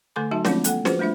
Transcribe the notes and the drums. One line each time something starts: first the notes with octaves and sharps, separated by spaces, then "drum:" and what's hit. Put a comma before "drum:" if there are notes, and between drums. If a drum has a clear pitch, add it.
D3 A3 A4 G#5 C6 D6
F#3 D#4 F#4 E5 A5
F3 G#3 A3 C4 D4 F4, drum: snare
A#3 A4 F#5, drum: hi-hat
F3 F4 F#4 G#4 B4 C5, drum: snare
G3 A3 D4 F4 E5